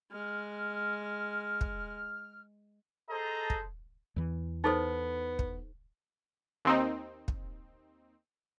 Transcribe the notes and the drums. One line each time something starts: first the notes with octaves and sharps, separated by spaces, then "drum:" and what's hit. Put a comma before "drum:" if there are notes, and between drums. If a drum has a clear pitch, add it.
G#3 F6
drum: kick
G#4 A4 C5 D#5 A5 A#5
drum: kick
E2 E3
B3 D#4 A4 C5
drum: kick
D#2 C4 D#4
drum: kick